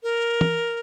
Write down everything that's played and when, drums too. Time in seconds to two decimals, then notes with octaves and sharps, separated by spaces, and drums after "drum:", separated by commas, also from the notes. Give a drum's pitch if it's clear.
0.03 A#4
0.41 drum: tom